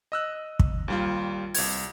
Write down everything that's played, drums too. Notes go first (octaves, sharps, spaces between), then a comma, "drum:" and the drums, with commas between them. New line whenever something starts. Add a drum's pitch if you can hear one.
D#5 E6 F#6
drum: kick
D#2 G3 F4
C2 G#6, drum: open hi-hat